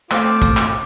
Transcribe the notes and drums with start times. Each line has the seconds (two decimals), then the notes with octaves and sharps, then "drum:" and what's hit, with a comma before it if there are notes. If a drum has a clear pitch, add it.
0.11 A3 C4 F4 A4 C5 F5 D6, drum: clap
0.42 drum: kick, hi-hat
0.57 drum: clap